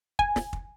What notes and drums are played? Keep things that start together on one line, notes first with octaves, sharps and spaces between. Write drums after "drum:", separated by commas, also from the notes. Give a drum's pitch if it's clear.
G#5, drum: kick
drum: snare
drum: kick